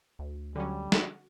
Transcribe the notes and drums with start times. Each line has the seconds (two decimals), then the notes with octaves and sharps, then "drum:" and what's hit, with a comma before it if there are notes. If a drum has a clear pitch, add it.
0.19 D2
0.55 D3 F#3 G3 C#4
0.92 F#4, drum: snare